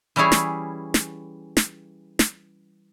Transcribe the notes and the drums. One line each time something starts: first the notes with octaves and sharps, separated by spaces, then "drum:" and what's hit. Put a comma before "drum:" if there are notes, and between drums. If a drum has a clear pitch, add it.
E3 G3 C#4 E4 G#4 C#5
drum: snare
drum: snare
drum: snare
drum: snare